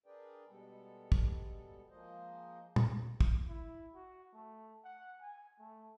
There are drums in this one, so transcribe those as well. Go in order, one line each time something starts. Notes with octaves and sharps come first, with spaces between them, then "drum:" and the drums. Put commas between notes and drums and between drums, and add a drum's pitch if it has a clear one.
D4 G#4 A#4 B4 D5 G5
B2 G3 G#3 B3 A4
drum: kick
F3 G#3 A#3 C5 D#5
drum: tom
drum: kick
E4
F#4
A3
F#5
G#5
A3